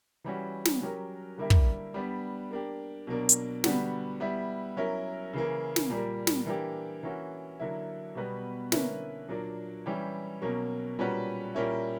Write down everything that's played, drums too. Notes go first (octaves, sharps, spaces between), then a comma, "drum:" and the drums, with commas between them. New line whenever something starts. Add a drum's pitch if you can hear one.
E3 G3 C#4 F#4
drum: snare
F#3 C#4 G4 A#4
D3 G3 A#3 E4 G4
drum: kick
G3 B3 D4
A#3 D4 G4
B2 F#3 A#3 D4
drum: hi-hat
D3 G3 B3 F#4, drum: snare
G3 B3 E4
F#3 C#4 E4 A#4
C#3 E3 A#3
drum: snare
A#2 G3 A#3
drum: snare
E3 A#3 D4 G4
E3 A#3 C#4 F#4
D3 F#3 A#3 E4
B2 G3 B3 F#4 B4
D3 A#3 C#4 E4 B4, drum: snare
A#2 F#3 A#3 D4
E3 G3 C#4 G4
B2 F#3 A#3 C#4
A#2 G3 C#4 F#4 B4
A#2 G3 A#3 C#4 E4